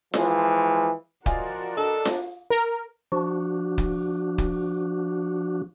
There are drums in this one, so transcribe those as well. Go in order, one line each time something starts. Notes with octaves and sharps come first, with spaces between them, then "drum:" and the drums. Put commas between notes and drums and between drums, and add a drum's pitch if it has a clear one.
E3 F3 G#3, drum: snare F4
F3 F4 F#4 A#4 D5 D#5 F5 G#5, drum: kick
D4 A4 D#5
drum: snare F4
A#4
F3 D4 F#4
drum: kick
drum: kick